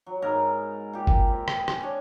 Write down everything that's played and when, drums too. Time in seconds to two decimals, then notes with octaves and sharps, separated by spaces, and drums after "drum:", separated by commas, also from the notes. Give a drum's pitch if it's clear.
0.06 F#3
0.22 G#2 B3 A#4
0.93 A#2 G4
1.07 drum: kick G1
1.28 C4 E4
1.48 drum: rim click
1.58 G#4
1.68 drum: rim click
1.80 D4 C#5